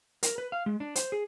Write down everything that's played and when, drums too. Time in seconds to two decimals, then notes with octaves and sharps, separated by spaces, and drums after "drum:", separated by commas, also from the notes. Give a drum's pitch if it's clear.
0.23 A#4, drum: hi-hat
0.38 B4
0.52 F5
0.66 G#3
0.80 D4
0.96 C5, drum: hi-hat
1.12 G#4